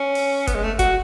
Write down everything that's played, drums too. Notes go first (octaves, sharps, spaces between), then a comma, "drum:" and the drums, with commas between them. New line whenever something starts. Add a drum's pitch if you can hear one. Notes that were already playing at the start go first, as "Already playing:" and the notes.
Already playing: C#4
drum: open hi-hat
B3, drum: kick, hi-hat
G#3
A3
F#4, drum: kick, hi-hat